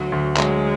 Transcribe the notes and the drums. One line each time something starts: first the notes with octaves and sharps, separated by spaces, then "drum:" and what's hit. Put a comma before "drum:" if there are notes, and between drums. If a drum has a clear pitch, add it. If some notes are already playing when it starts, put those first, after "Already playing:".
Already playing: D2 F#3
D2
F#3 G#3, drum: clap